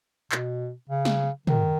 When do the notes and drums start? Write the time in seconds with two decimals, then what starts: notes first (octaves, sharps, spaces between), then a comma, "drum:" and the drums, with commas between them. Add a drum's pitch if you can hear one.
0.32 B2, drum: clap
0.89 C#3
1.05 drum: snare
1.47 D#3, drum: tom